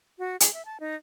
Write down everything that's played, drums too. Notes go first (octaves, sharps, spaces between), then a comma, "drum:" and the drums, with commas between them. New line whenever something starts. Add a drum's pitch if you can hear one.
F#4
G#4, drum: hi-hat
E5
A5
D#4